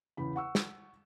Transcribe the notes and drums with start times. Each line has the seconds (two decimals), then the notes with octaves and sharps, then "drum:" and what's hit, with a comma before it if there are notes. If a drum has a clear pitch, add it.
0.17 E2 C#3 B5
0.36 F#5 C#6 E6
0.55 drum: snare